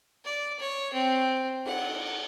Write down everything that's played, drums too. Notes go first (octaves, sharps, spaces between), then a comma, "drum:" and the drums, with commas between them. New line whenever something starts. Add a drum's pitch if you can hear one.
D5
C#5
C4
F#5, drum: cymbal